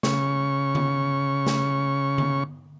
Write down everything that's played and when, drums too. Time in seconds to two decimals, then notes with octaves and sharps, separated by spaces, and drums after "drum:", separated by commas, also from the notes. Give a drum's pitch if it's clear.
0.03 C#3 C#6, drum: snare
0.75 drum: tom D3
1.47 drum: snare
2.18 drum: tom D3